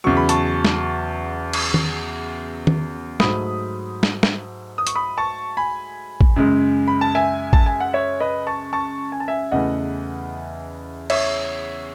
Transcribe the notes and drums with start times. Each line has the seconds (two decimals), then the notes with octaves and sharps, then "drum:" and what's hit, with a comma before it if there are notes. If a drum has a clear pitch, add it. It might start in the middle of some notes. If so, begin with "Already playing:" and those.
0.04 E2 C#3 F#3 C#6
0.17 B5
0.29 A5 C#6, drum: hi-hat
0.65 drum: snare
1.53 drum: cymbal
1.74 drum: tom D#3
2.67 drum: tom D#3
3.20 G#2 F#3 A3 B5 D#6, drum: snare
4.03 drum: snare
4.23 drum: snare
4.78 D#6
4.87 C#6, drum: hi-hat
4.95 B5 D#6
5.18 A5 C#6
5.57 G#5 B5
6.21 drum: kick
6.36 F#2 C#3 G#3
6.88 B5
7.01 A5
7.15 E5 G#5
7.53 A5, drum: kick
7.66 G#5
7.80 F#5
7.93 C#5 E5
8.20 B4 D#5
8.47 A5 C#6
8.73 A5 C#6
9.12 G#5
9.20 A5
9.28 E5 G#5
9.52 E2 C#3 E3 A3 D#5 F#5
11.10 C#5 E5, drum: cymbal